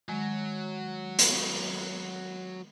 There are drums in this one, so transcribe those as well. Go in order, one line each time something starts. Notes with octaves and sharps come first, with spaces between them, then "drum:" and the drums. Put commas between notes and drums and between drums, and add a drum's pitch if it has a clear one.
D#3 F#3 G#3
drum: hi-hat